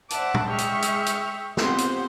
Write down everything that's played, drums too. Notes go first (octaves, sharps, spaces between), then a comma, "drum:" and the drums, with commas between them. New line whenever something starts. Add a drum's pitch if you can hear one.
C5 D5 E5 F#5 A5 D6, drum: hi-hat
drum: tom A#2
G#3 G#4 E5 G5 C#6 F6
drum: hi-hat
drum: hi-hat
drum: hi-hat
B3 C4 F4 G4 C5 F#5, drum: snare
drum: hi-hat